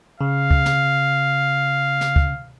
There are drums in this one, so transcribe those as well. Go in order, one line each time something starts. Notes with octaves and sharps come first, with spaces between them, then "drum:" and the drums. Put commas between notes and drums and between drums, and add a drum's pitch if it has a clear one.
C#3 F5
drum: kick
drum: snare
drum: snare
drum: kick